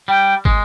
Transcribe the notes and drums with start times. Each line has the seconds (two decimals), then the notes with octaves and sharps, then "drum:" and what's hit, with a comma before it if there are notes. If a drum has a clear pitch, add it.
0.08 G3 G5
0.45 G#3, drum: kick